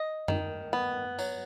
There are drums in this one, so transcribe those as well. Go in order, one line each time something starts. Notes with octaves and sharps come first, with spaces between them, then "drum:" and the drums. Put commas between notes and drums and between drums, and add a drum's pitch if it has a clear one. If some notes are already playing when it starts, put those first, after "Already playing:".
Already playing: D#5
D#3, drum: tom F#2
B3
F#3, drum: tambourine